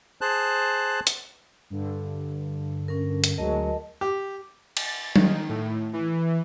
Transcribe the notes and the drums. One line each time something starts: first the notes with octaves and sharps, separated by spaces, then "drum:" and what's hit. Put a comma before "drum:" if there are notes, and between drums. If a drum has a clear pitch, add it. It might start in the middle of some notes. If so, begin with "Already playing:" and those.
G#4 C5 A5 F#6
drum: hi-hat
G2 D3
C#4 A#4
drum: hi-hat
D2 F#3 G#3 A#4 D#5 A5
G4
A6, drum: cymbal
D#3, drum: tom F#3
A2
E3